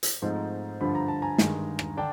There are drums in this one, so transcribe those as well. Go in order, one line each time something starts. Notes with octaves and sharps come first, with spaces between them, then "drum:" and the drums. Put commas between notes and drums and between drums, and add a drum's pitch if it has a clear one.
drum: hi-hat
G#2 F3 A3 C4 D#4
G2 D3 F3 B5
A#5
A5
G#5 A#5
G2 D#3 G#3, drum: snare
drum: rim click
D3 D4 G5 A5